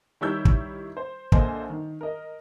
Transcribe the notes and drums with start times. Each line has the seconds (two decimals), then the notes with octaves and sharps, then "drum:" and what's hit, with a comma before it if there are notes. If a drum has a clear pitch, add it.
0.21 D#3 G3 E4 C#5 E6 G6
0.45 drum: kick
0.97 C5
1.32 A#1 D3 A#3 C5 D#5 G#5, drum: kick
1.69 D#3
2.01 A#4 D#5